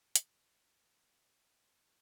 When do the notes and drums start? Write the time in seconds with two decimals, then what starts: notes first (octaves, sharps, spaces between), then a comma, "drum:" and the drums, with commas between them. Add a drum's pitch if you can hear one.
0.16 A4 A#4, drum: hi-hat
0.53 B3 D4
0.99 A5
1.30 G#5
1.62 F4